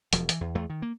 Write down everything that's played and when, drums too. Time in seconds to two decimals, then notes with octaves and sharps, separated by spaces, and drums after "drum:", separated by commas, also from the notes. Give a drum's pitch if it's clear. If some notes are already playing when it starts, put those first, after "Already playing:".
0.13 E1 F3, drum: hi-hat
0.29 E3, drum: hi-hat
0.41 E2
0.55 E2 A3
0.70 D#3
0.82 A#3